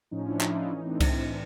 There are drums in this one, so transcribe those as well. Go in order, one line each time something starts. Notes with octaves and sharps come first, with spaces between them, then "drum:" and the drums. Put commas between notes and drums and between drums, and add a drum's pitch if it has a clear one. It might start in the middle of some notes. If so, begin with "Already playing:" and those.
A2 F3 C#4 D#4
D4 E4
D#4 F4, drum: clap
D4 E4
A2 E3 C#4 D#4
C4 D4
drum: kick C2, cymbal